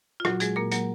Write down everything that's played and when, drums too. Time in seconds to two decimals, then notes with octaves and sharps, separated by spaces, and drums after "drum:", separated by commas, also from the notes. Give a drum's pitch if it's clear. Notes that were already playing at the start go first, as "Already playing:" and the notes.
0.20 F4
0.25 A#2 F#3 F#4, drum: rim click
0.40 F#3 G#3 G#4, drum: hi-hat
0.56 A#2 A#3 A#4
0.72 F#3 A#3 A#4, drum: hi-hat